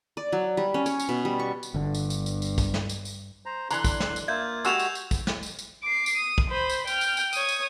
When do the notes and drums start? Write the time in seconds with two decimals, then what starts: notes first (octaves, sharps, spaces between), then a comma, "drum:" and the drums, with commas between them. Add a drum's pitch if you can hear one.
0.17 D5
0.32 F#3
0.57 G3
0.74 C#4
0.86 C#5, drum: tambourine
0.99 drum: tambourine
1.09 B2
1.25 G3
1.39 C#6
1.63 drum: tambourine
1.74 G1 G2 D3
1.94 drum: tambourine
2.10 drum: tambourine
2.26 drum: tambourine
2.42 drum: tambourine
2.58 drum: kick, tambourine
2.74 drum: snare
2.89 drum: tambourine
3.05 drum: tambourine
3.46 C5 A#5
3.71 D3 E3 A#5 C6 F#6, drum: tambourine
3.84 drum: kick, tambourine
4.00 drum: snare
4.16 drum: tambourine
4.28 A#3 F4 E5 G6 G#6
4.65 G#3 F#4 G4 E6 E7 F7, drum: tambourine
4.79 drum: tambourine
4.95 drum: tambourine
5.11 drum: kick, tambourine
5.27 drum: snare
5.43 drum: tambourine
5.59 drum: tambourine
5.83 D6 C7
6.06 drum: tambourine
6.17 D#6
6.38 drum: kick
6.50 C5 B5
6.69 drum: tambourine
6.87 G5 F6, drum: tambourine
7.01 drum: tambourine
7.17 drum: tambourine
7.33 C#5 D#6, drum: tambourine
7.49 drum: tambourine